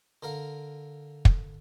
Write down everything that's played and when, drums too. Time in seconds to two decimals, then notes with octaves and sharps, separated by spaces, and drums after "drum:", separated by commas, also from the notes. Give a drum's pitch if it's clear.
0.23 D3 A#4 F5
1.25 drum: kick